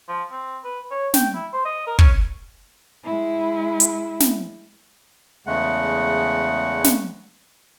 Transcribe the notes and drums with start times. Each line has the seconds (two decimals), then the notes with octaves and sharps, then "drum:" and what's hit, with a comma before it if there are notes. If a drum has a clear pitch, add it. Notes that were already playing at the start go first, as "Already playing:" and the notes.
0.08 F3
0.31 C4
0.64 B4
0.91 C#5
1.14 G5, drum: snare
1.34 E4
1.53 C5
1.65 D#5
1.87 A#4
1.99 C#4, drum: kick
3.04 G#3 E4
3.80 drum: hi-hat
4.20 drum: snare
5.46 E2 C#3 G#3 A3 F#5
6.84 drum: snare